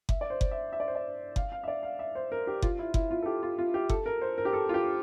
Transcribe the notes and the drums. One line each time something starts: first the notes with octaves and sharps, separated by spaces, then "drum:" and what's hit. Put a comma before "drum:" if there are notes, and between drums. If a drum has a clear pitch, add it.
E5, drum: kick F#1
D5
C5
drum: kick F#1
E5
E5
D5
C5
D5
F5, drum: kick F#1
F5
E5
D5
F5
E5
C5
A#4
G4
F4, drum: kick F#1
E4
E4, drum: kick F#1
F4
A4
G4
F4
F4
G4
A4, drum: kick F#1
A#4
C5
A#4
G4
A4
F4
G4